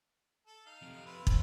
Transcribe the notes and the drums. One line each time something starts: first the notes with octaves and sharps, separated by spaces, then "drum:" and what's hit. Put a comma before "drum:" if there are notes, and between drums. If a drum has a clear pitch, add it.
A4
D#4 F5
F2 C3
E4 F4 B4
C#5 C6, drum: kick